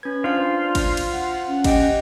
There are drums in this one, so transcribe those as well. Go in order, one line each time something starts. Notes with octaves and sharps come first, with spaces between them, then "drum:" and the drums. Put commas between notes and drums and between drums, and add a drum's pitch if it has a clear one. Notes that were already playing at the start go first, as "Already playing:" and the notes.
C#4 B4 G#6
D4 F4 C5 F5
drum: kick, cymbal
drum: cymbal
F#5
C#4
G4 D#5 G5, drum: kick, cymbal